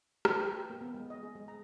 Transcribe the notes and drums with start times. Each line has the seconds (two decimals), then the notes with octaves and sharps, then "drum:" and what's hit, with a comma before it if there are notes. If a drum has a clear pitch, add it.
0.25 B4, drum: rim click
0.40 G5
0.70 A#3
0.81 B3
0.94 G#3
1.10 D#5
1.23 G#4
1.35 G#3
1.48 A#5